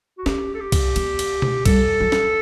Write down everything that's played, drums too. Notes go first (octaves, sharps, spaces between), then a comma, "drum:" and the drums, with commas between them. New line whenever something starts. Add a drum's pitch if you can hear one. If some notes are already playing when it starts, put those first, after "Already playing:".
F#4
C#4 G4, drum: snare
A4
G4
drum: kick, cymbal
B3, drum: cymbal
drum: cymbal
drum: tom B2
G3 A4, drum: kick, cymbal
F#3
drum: snare